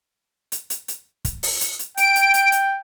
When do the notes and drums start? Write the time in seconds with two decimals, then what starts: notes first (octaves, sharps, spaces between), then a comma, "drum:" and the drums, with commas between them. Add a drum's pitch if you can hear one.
0.52 drum: hi-hat
0.70 drum: hi-hat
0.88 drum: hi-hat
1.25 drum: kick, hi-hat
1.43 drum: open hi-hat
1.61 drum: hi-hat
1.79 drum: hi-hat
1.97 G5 D7, drum: hi-hat
2.16 drum: hi-hat
2.34 drum: hi-hat
2.52 drum: hi-hat